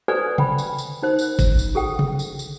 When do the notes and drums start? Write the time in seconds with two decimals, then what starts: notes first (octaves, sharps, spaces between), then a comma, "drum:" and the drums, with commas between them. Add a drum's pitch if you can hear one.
0.08 A4 B4 C5 D5 G#5
0.38 G5 B5, drum: tom C3
0.58 drum: tambourine
0.78 drum: tambourine
1.03 D#4 A#4 C5
1.19 drum: tambourine
1.39 drum: kick G1, tambourine
1.59 drum: tambourine
1.75 G#4 A4 G5
1.99 drum: tom C3
2.19 drum: tambourine
2.39 drum: tambourine